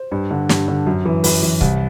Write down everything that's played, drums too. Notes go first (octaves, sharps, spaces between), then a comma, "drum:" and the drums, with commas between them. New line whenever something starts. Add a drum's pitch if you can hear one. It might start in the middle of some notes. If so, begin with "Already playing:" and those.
Already playing: C5
G2
D3
G2, drum: snare
D3
F#2
E3
F#2 B4, drum: open hi-hat
E3
C2, drum: kick C#1